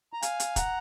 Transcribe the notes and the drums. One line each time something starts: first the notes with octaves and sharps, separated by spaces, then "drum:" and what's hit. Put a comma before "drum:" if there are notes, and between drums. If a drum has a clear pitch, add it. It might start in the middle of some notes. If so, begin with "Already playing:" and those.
A#5
F5 G#5, drum: hi-hat
drum: hi-hat
F#5 A#5, drum: kick, hi-hat